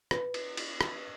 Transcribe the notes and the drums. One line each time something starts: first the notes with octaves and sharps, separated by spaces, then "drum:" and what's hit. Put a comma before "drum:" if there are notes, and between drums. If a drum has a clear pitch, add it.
B4, drum: rim click
drum: cymbal
drum: cymbal
drum: rim click